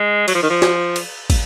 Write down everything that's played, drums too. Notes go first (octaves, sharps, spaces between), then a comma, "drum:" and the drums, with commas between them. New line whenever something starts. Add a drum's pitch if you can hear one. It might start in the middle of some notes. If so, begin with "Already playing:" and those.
Already playing: G#3
F#3, drum: cymbal
F3
D#3
F3
drum: snare
drum: cymbal
drum: kick, cymbal